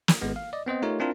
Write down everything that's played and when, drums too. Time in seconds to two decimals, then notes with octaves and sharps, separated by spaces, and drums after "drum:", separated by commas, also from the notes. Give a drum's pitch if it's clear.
0.08 drum: snare
0.22 G#1 G#3 B3
0.36 F5
0.53 D5 D#5
0.66 B3 C4 C5 D#5
0.82 A3 D#4 F4 G4 A#4 C#5
1.00 C4 D4 E4 F4 A#4